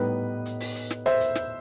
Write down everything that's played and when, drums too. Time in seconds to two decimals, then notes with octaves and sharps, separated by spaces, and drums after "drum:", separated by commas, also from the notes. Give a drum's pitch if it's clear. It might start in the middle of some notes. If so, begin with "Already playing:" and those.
Already playing: A2 G3 B3 D#4 B4 D#5
0.46 drum: hi-hat
0.61 drum: open hi-hat
0.76 drum: hi-hat
0.90 drum: snare
1.06 C5 E5, drum: hi-hat
1.20 drum: hi-hat
1.35 drum: snare